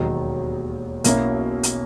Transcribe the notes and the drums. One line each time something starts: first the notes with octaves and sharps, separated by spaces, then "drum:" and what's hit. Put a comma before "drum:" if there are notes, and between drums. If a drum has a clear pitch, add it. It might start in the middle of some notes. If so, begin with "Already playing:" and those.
Already playing: E1 D#2 D#3 F#3
B1 B2 A#3 C#4 E4, drum: hi-hat
drum: hi-hat